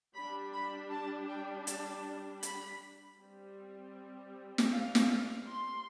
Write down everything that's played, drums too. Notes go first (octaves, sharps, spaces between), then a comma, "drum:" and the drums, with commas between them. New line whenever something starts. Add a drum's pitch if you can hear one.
G3 D4 B5
B5
A5
G5
A5, drum: hi-hat
B5, drum: hi-hat
G3 C4
drum: snare
F5
drum: snare
F5
C6